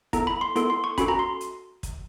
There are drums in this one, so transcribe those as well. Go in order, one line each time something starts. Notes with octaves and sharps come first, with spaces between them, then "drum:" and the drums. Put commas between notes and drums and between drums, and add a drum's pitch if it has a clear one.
B3 E4 A4 A#5, drum: kick, hi-hat
B5
C6
B3 E4 A4 C6, drum: hi-hat
C6
C#6
C#4 F#4 A4 B5, drum: kick, hi-hat
A#5
C6
drum: hi-hat
drum: kick, hi-hat